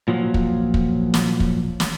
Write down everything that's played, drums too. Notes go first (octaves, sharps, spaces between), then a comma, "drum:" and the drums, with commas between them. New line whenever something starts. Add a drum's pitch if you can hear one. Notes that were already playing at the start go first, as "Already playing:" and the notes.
A#2 F3 F#3
drum: kick
drum: kick
drum: snare
drum: kick
drum: snare